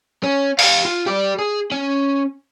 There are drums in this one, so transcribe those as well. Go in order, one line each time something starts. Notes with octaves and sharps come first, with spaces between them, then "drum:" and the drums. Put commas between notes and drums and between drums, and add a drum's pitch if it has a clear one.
C#4
G4 F5, drum: open hi-hat
F4
G4 D5
G#4
C#4